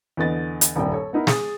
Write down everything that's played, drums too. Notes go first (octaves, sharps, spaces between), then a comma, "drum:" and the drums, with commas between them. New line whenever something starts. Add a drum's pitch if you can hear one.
E2 D3 B4 D#5 A6
drum: hi-hat
D#1 C2 G2 D5 G5
A4 C#5
B3 D#4 E4 A#4
G#4 D#6 A6, drum: snare